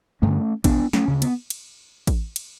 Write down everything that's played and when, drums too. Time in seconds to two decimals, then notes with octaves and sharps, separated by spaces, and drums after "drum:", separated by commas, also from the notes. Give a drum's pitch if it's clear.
0.22 G2 D3 A3 C#4
0.64 E1 B3 D4, drum: kick A1, cymbal
0.93 A3 C#4, drum: snare
1.08 D2 C#3
1.22 B3, drum: cymbal
1.50 drum: cymbal
2.07 drum: kick A1, cymbal
2.36 drum: cymbal